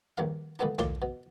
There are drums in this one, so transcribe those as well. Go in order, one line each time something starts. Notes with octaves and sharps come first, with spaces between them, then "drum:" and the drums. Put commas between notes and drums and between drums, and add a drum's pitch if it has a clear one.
A#1 G2 D#3 F5
A#2 D3 G3 G#3 B3 D4
D#2 A2 F4 D5 C6, drum: tom B1
B2